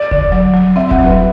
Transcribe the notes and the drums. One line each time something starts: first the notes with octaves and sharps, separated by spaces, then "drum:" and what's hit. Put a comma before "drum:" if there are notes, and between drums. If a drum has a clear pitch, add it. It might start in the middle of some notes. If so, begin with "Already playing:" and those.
Already playing: D5
D3, drum: kick E1
F#3
F#3
C4 E5
F#5, drum: kick E1
F#3
B4